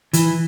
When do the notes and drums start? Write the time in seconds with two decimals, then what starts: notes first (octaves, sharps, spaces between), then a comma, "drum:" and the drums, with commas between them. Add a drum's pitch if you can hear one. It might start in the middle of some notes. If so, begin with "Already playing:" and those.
0.13 E3, drum: hi-hat